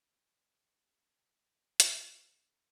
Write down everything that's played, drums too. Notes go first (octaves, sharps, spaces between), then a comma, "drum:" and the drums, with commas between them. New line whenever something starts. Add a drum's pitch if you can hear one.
A3 C4 E4
B4 D5
C5 E5
A4 C5
A3 D4 F4 G#4 B4
G#3 B3 E4
B3 F4
A3 C4 F4 A4 C5, drum: hi-hat
G#4 B4
A4 C5
G#4 B4
A3 D4 F4 A4
A4